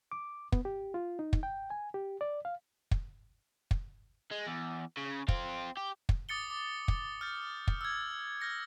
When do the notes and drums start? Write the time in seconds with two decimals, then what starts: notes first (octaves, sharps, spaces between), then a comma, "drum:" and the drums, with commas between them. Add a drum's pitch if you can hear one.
0.12 D6
0.52 B3, drum: kick
0.65 G4
0.94 F4
1.19 D#4
1.33 drum: kick
1.43 G5
1.70 G#5
1.94 G4
2.21 D5
2.45 F5
2.91 drum: kick
3.71 drum: kick
4.32 G#3
4.47 E2
4.97 C#3
5.28 C4 F4, drum: kick
5.77 G4
6.09 drum: kick
6.29 D6 D#6 A6 C#7 G7
6.50 D6
6.88 drum: kick
7.21 F6 G6 A6
7.68 drum: kick
7.81 E6 G#6
8.40 F6 G6 A#6 C#7